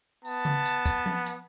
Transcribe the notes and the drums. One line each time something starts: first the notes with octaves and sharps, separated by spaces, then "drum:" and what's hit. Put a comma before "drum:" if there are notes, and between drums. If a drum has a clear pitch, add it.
B3 A5, drum: open hi-hat
drum: tom C#3
drum: hi-hat
drum: kick, hi-hat
drum: tom F3
drum: hi-hat